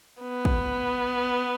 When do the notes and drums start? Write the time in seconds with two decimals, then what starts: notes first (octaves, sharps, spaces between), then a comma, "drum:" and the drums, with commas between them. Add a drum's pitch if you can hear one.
0.22 B3
0.45 drum: kick